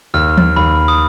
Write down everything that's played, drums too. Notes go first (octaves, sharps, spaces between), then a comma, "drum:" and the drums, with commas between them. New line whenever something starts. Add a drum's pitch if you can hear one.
D#2 F6
drum: tom E3
D#2 B5
D#6